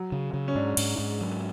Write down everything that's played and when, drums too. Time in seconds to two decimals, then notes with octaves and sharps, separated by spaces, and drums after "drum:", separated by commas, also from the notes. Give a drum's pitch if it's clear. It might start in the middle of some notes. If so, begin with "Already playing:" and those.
Already playing: F#3
0.12 C#3
0.33 C#3
0.48 C#4
0.55 G#2 D4
0.77 G#2, drum: cymbal
0.98 G#2
1.21 F#3